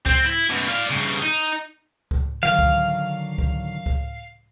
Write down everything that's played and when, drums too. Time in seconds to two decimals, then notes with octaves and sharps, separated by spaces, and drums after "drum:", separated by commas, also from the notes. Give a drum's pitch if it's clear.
0.06 C4, drum: kick C#2
0.25 E4
0.50 F#2 B2
0.68 D5 F5
0.90 G2 C#3
1.23 D#4
2.11 drum: kick C#2
2.43 D3 D#3 F#3 F5
2.59 drum: kick C#2
3.38 drum: kick C#2
3.86 drum: kick C#2